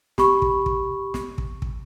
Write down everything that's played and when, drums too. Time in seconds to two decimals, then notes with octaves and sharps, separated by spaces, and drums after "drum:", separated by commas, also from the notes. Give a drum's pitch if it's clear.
0.18 G4 B5 C#6, drum: snare
0.42 drum: kick
0.66 drum: kick
1.14 drum: snare
1.38 drum: kick
1.62 drum: kick